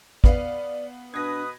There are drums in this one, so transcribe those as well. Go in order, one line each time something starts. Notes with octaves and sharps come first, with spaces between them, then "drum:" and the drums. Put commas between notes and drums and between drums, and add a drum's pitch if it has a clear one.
B3 B4 D5 F5, drum: kick
B2 D4 B4 D#6 G#6 A#6